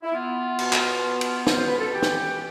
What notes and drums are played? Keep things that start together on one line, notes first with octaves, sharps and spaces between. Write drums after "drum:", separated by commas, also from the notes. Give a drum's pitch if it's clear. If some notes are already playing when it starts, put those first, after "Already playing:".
E4
B3 F4
B2, drum: cymbal
drum: clap
B3
drum: cymbal
B2, drum: snare
C5
B4
A4
E3 G4
drum: snare